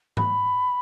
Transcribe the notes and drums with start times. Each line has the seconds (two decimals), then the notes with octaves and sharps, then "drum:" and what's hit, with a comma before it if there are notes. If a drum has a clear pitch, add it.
0.17 B5, drum: tom G#2